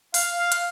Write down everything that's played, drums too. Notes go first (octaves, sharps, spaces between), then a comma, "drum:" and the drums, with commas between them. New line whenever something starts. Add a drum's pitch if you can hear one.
F5, drum: open hi-hat
F5
drum: hi-hat